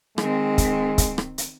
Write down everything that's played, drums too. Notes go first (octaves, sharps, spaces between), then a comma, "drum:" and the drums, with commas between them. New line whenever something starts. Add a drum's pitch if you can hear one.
D#3 G#3 C4, drum: rim click
drum: kick, hi-hat
drum: kick, hi-hat
drum: rim click
drum: hi-hat